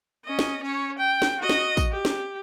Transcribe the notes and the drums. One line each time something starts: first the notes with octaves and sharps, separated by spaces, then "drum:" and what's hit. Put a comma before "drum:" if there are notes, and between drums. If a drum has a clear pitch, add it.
C#4 D#5
drum: snare
C#4 C#5
G5
drum: snare
F#4 D#5
drum: snare
drum: kick, tambourine
G4
drum: snare